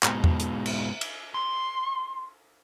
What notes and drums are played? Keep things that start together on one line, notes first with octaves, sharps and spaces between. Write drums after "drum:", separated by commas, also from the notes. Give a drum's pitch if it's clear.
G#2 B2, drum: clap
drum: tom E2
drum: hi-hat
drum: cymbal
drum: cymbal
C6